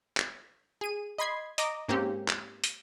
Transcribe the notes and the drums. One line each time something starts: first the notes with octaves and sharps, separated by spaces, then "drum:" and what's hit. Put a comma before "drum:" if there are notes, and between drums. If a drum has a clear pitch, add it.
drum: clap
G#4 D#7
D#5 B5 C6 G#6 C7
D#5 A#5 D6, drum: hi-hat
G#2 A#3 C4 C#4 G4
drum: clap
drum: hi-hat